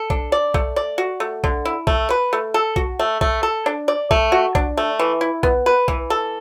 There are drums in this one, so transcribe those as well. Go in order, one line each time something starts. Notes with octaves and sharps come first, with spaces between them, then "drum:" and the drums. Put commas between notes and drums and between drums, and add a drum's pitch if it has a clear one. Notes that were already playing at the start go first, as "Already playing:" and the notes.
Already playing: A4
D4, drum: kick
D5
A3, drum: kick
D5
F#4
A3
D3, drum: kick
E4
A3, drum: kick
B4
A3
A4
F#4, drum: kick
A3
A3, drum: kick
A4
D4
D5
A3, drum: kick
F#4
D4, drum: kick
A3
E3
E4
B3, drum: kick
B4
E3, drum: kick
A4